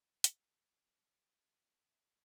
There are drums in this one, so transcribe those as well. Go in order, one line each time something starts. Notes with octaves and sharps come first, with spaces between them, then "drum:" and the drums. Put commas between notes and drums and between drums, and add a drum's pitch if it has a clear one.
E4, drum: hi-hat
G3
D3 D#3 F#3 A3
B3 D4 E5